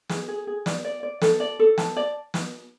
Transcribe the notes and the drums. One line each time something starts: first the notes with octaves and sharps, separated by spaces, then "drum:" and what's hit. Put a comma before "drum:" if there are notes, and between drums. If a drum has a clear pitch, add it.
G#4, drum: snare
G#4
G#4
D5, drum: snare
D5
D5
A4, drum: snare
D5
A4
A5, drum: snare
D5
drum: snare